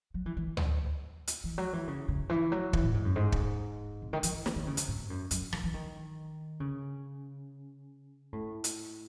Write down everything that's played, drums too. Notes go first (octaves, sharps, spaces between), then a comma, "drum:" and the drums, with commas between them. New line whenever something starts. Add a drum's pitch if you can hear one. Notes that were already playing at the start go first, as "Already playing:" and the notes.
F#3
E3
E3
drum: tom D2
drum: hi-hat
E3
F#3
E3
C#3
C#3
E3
F#3
E3, drum: kick
A2
G#2
F#2
G#2
drum: kick
C3
D#3
E3, drum: hi-hat
E3
D#3, drum: snare
D#3
C#3
C3, drum: hi-hat
G#2
F#2
F#2, drum: hi-hat
D#3, drum: rim click
E3
D#3
C#3
A2
drum: hi-hat